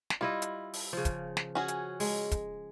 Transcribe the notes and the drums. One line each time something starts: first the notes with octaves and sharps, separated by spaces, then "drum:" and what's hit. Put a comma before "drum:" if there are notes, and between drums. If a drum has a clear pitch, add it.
drum: snare
G3 E4 F4 D#5
drum: hi-hat
drum: open hi-hat
C#3 F3
drum: kick, hi-hat
drum: snare
C#4 F#4 G#4
drum: hi-hat
G#3, drum: open hi-hat
drum: kick, hi-hat